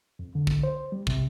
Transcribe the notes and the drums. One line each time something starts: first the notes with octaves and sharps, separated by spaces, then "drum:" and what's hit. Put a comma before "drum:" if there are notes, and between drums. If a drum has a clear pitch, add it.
F2
D3
drum: kick
C5
G3
C3, drum: kick